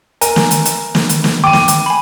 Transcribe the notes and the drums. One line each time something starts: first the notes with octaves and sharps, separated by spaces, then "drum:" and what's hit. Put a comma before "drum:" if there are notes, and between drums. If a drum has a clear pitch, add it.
A#4 G#5, drum: hi-hat
drum: snare
drum: hi-hat
drum: hi-hat
drum: snare
drum: hi-hat
drum: snare
G5 D6 D#7
drum: snare
drum: hi-hat
G#5 B5